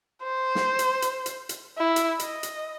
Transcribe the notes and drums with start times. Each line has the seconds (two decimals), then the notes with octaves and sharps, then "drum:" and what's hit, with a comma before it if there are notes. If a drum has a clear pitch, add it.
0.23 C5
0.55 drum: snare
0.79 drum: hi-hat
1.02 drum: hi-hat
1.26 drum: hi-hat
1.49 drum: hi-hat
1.78 E4
1.96 drum: hi-hat
2.19 D#5, drum: hi-hat
2.43 drum: hi-hat